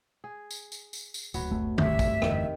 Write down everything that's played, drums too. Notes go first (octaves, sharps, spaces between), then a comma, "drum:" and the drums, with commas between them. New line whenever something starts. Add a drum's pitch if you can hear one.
G#4
drum: tambourine
drum: tambourine
drum: tambourine
drum: tambourine
D1 F#3 B3 B4, drum: tambourine
F#1 A3
F1 D2 G2 C3 D4 C#5 E5, drum: tom
drum: kick, tambourine
E2 G2 D3 D#3, drum: rim click